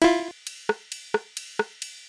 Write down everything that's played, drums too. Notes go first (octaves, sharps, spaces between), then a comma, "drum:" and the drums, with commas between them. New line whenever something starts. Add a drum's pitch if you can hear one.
E4 F4, drum: cymbal
drum: cymbal
drum: rim click
drum: cymbal
drum: rim click
drum: cymbal
drum: rim click
drum: cymbal